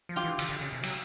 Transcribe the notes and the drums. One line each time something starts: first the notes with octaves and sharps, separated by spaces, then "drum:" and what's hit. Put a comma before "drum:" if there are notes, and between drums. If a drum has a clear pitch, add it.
F3
F4 G4
E3
D3, drum: cymbal
D3
C#3
C3
F#3, drum: cymbal